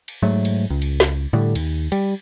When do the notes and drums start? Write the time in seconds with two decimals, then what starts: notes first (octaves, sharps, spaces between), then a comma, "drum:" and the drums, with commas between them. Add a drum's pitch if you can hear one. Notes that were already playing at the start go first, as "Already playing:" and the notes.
0.08 drum: cymbal
0.22 G#2 F#3 A3
0.45 drum: cymbal
0.70 C#2
0.82 drum: cymbal
1.00 drum: snare
1.33 A2 D3 G3
1.55 D#2, drum: cymbal
1.92 G3, drum: cymbal